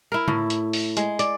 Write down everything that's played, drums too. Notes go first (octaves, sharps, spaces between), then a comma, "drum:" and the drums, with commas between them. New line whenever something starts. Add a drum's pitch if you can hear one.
E4 A#4
A2, drum: tom
drum: hi-hat
drum: open hi-hat
G#3, drum: hi-hat
D5, drum: hi-hat